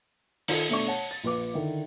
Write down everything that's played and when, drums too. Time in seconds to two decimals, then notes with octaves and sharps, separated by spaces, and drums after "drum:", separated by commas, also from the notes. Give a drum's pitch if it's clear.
0.48 D#3 D#4 F4 A4, drum: open hi-hat
0.69 B2 A3 D4 C#6
0.87 C#5 F#5 A5
1.11 A6
1.24 A#1 F4 B4 D6
1.54 D3 D#3 E4